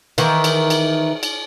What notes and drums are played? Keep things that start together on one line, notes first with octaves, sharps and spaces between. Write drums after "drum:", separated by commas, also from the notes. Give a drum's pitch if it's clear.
D#3 E3, drum: cymbal
drum: cymbal
drum: cymbal
drum: cymbal